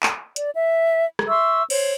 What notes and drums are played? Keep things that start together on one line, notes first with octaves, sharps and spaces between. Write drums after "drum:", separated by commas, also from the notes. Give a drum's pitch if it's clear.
drum: clap
D5, drum: hi-hat
E5
drum: rim click
E5 C6 C#6 E6
C5 C#5, drum: cymbal